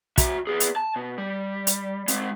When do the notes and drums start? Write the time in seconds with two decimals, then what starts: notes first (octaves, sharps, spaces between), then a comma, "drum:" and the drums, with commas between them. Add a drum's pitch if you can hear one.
0.18 F#4 E5, drum: kick, hi-hat
0.47 B3 G#4
0.60 drum: hi-hat
0.76 A5
0.96 B2
1.18 G3
1.67 drum: hi-hat
2.08 G#3 C4, drum: hi-hat